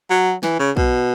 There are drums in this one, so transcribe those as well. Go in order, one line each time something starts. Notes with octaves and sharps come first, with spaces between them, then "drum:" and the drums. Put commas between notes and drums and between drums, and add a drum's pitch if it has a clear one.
F#3
E3, drum: snare
C#3
B2, drum: kick